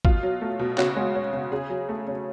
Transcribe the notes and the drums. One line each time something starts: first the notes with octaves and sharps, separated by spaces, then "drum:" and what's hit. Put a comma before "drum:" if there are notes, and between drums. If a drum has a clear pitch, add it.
B2 F4, drum: kick G#1
F#3
A3
B2
C#3 F#4, drum: clap
G#3
C#4
C#3
C#3 G#4
F#3
A3
C#3